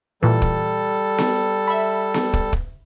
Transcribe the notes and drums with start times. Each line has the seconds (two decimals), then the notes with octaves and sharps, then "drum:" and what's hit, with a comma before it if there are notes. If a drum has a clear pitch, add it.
0.23 A#2 E3 G3 A4
0.42 drum: kick
1.18 drum: snare B3
1.68 E5 B5
2.14 drum: snare B3
2.33 drum: kick
2.53 drum: kick